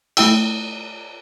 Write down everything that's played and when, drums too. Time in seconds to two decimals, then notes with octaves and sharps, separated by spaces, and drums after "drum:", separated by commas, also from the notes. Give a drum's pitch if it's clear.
0.17 A3 E4 G5 E6, drum: cymbal